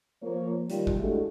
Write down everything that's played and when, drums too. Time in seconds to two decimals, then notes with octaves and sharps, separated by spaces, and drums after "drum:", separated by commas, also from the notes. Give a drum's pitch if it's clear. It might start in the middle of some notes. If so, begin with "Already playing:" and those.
0.23 F3 A#3 C#5
0.69 D#3 G3 F4, drum: hi-hat
0.87 drum: kick G1
0.99 G#3 A3 D4 E4 F#4 G4